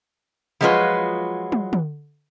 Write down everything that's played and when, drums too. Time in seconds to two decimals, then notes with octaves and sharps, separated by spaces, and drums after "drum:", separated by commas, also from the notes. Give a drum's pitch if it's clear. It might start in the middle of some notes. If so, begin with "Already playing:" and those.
0.61 F3 F#3 G#3 F4 F#4 B4
1.52 drum: tom
1.73 drum: tom